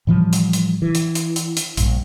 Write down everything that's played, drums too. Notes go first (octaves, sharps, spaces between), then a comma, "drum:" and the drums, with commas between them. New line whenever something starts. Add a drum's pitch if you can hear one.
A2 E3 F3 G3
drum: hi-hat
drum: hi-hat
E3
drum: hi-hat
drum: hi-hat
drum: hi-hat
drum: hi-hat
A#1 G2, drum: hi-hat